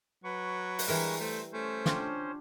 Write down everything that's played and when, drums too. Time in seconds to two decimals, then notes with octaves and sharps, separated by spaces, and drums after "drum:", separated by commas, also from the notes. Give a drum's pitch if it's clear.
0.24 F#3 B4 C#6
0.79 drum: open hi-hat
0.88 E3 G3 G#3 A#4
1.20 A3 C5
1.52 A3 C#4 C5
1.86 D4 F4 G4, drum: snare